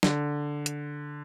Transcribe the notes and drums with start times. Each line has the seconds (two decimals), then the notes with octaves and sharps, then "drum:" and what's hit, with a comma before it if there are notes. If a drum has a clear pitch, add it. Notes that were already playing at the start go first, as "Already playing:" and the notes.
0.03 D3, drum: snare
0.66 drum: hi-hat